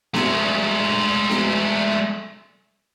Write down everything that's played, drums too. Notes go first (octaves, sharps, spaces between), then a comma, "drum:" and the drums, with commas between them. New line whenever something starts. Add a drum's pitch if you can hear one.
G#3 A3, drum: snare B3
drum: snare B3